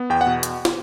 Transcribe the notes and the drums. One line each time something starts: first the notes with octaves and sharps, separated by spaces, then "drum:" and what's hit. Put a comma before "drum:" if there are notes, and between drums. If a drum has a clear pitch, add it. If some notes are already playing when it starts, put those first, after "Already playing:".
Already playing: B3
E2 G5
F#5
B2
drum: hi-hat
drum: snare